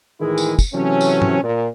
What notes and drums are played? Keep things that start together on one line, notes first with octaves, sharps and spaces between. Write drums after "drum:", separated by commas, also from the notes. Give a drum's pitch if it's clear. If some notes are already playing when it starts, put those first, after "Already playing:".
A2 D#3 E3 G#3 E4 G#4
drum: tambourine
drum: kick, tambourine
C3 E3 F#3 A3 C4 C#4
drum: tambourine
drum: tom
A#2